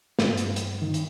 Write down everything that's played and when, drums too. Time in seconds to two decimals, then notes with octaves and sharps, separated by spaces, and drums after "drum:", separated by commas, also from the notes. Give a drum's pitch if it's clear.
0.19 G2, drum: snare
0.37 drum: hi-hat
0.56 drum: hi-hat
0.82 D#3
0.94 drum: hi-hat